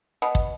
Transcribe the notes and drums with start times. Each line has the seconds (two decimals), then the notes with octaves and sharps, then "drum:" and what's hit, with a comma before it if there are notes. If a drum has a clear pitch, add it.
0.22 B2
0.35 drum: kick